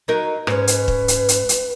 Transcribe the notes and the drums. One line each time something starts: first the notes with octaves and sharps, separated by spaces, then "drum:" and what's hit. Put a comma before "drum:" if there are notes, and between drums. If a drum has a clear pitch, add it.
F#3 D#4 A#4
G#2 C#4 B4, drum: rim click
drum: hi-hat
drum: kick
drum: hi-hat
drum: hi-hat
drum: hi-hat